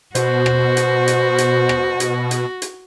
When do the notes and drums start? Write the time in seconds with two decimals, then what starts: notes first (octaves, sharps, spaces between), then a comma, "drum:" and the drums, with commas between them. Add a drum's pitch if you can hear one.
0.15 B2 F#4 C5, drum: hi-hat
0.46 drum: rim click
0.77 drum: hi-hat
1.08 drum: hi-hat
1.38 drum: hi-hat
1.69 drum: rim click
2.00 drum: hi-hat
2.31 drum: hi-hat
2.62 drum: hi-hat